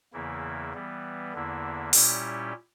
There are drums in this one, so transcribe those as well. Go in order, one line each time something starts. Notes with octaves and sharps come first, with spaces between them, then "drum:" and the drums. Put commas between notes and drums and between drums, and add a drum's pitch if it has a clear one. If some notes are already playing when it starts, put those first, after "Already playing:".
E2 C#3 E3 A#3 E4
E3 G3 B3
E2 D3 A#3 E4
A#2 G3 C#4 E4 G4, drum: open hi-hat